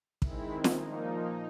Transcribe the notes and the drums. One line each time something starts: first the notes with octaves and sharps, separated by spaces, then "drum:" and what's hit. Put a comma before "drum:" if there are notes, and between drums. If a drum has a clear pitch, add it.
D#3 G#3 C4 E4, drum: kick
drum: snare
A#2 F3 A#3 D#4